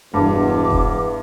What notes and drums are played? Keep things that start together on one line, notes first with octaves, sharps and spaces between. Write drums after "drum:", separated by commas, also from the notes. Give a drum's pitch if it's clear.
E1 E2 G2 D6
drum: kick E1